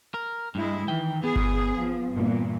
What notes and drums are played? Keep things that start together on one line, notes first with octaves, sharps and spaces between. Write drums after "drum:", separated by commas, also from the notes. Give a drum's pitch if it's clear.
A#4
G2 G#3 E4
D#3 E3 G5
B3 G#4
drum: kick G1
F3
G2 A#2 E3